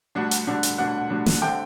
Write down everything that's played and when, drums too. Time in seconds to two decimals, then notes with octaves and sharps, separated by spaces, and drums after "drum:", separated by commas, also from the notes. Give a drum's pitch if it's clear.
0.15 D2 D3 G3 D4 F#5
0.31 drum: hi-hat
0.47 D2 D3 G3 D4
0.63 drum: hi-hat
0.78 D2 D3 G3 D4 F#5
1.10 D2 D3 G3 D4
1.26 drum: snare
1.42 D3 A3 C4 G5